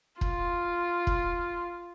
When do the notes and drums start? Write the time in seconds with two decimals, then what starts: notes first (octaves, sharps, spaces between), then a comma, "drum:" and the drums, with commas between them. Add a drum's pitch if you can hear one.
0.21 F4, drum: kick
1.07 drum: kick